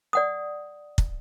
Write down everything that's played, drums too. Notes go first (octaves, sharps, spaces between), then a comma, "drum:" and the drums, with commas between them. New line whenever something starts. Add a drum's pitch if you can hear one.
D5 F#5 D#6
drum: kick